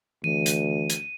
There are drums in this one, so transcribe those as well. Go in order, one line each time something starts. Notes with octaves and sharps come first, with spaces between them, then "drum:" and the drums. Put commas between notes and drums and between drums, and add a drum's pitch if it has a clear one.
D2 E3 D#7
drum: hi-hat
drum: hi-hat